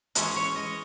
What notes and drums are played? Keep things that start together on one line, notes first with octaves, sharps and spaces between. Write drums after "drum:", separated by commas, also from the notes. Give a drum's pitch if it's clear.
E3 G#3 C#4, drum: hi-hat
C#5
D#5